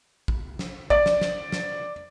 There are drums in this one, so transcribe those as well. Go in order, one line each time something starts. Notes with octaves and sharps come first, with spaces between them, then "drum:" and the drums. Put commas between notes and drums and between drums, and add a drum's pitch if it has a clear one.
drum: kick
drum: snare
D5, drum: kick
drum: snare
drum: snare
drum: snare